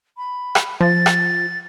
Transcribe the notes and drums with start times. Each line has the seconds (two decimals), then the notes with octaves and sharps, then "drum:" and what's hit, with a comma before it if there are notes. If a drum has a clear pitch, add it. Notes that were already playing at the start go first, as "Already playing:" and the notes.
0.17 B5
0.55 drum: rim click
0.80 F3 A6
1.06 drum: rim click